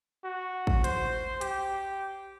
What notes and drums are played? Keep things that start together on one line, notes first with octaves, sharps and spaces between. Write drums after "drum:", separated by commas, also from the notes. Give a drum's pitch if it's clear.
F#4
drum: kick
C5, drum: hi-hat
G4, drum: hi-hat